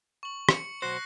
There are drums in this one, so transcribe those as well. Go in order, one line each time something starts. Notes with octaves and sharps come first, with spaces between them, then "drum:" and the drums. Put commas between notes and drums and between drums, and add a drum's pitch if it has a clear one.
C#6 F#7
C#7, drum: rim click
B1 F#4 C5 F#6 A#6 C7